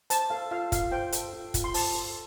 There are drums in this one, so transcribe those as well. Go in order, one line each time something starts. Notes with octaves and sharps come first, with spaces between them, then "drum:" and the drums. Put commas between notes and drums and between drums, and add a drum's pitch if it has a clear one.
C5 A5, drum: hi-hat
A4 F5
F4 F5
F4 F5, drum: kick, hi-hat
C5 G5
A4, drum: hi-hat
F4
F4, drum: kick, hi-hat
C6
C5 A5, drum: open hi-hat
A4